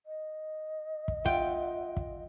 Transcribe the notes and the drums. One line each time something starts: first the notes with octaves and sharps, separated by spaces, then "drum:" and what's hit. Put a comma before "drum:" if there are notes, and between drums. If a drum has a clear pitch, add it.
D#5
drum: kick
F4 E5 F#5 G5, drum: kick
drum: kick